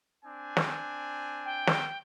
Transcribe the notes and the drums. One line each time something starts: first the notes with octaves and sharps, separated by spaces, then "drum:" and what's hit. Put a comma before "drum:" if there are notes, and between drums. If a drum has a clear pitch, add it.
C4 D4 G#5
drum: snare
G5
drum: snare